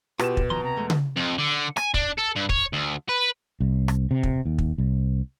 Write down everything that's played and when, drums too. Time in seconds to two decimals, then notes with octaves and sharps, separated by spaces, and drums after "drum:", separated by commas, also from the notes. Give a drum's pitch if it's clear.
0.19 B2 F4 G4 B4 E7, drum: rim click
0.37 drum: kick
0.50 D#3 F3 A#5 C6
0.64 C3 A#5
0.77 E2 G#3 A3
0.90 drum: tom C#3
1.17 F2
1.39 D3
1.77 G#5, drum: rim click
1.94 D4, drum: kick
2.18 A4
2.36 G2
2.49 C#5, drum: kick
2.73 D2
3.09 B4
3.60 C2
3.88 drum: rim click
4.11 C3
4.23 drum: kick
4.46 D#2
4.58 drum: kick
4.78 C2